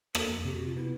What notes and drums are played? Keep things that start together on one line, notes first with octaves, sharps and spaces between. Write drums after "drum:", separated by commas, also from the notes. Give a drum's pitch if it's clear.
A#3 A4, drum: rim click
F2
C3 G4
F#4
C3
F4
B3 E4